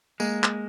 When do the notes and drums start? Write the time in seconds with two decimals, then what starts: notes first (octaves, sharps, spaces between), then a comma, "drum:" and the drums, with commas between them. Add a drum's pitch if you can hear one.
0.20 G#3 A#3, drum: tambourine
0.44 drum: clap